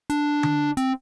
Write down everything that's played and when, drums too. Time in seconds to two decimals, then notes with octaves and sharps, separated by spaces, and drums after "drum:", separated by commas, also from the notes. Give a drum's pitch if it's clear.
0.10 D4, drum: hi-hat
0.43 drum: tom D3
0.77 C4, drum: hi-hat